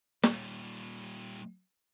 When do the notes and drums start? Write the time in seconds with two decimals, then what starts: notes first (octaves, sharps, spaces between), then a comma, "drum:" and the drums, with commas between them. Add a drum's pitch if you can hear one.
0.23 A#2 G3, drum: snare